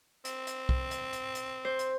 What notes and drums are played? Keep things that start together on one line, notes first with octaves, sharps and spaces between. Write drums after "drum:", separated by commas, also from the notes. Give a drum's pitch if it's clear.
C4, drum: hi-hat
drum: hi-hat
drum: kick B1
drum: hi-hat
drum: hi-hat
drum: hi-hat
C5
drum: hi-hat